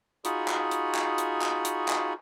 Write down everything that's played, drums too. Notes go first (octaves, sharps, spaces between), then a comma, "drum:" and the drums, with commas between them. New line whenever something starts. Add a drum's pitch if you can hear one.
D#4 F4 F#4 G#4 B5 C#6, drum: hi-hat
drum: clap
drum: hi-hat
drum: clap
drum: hi-hat
drum: clap
drum: hi-hat
drum: clap